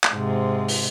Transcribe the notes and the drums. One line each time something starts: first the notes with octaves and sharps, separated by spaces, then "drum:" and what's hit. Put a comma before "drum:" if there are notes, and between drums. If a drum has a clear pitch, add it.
drum: clap
G#2 C3
drum: open hi-hat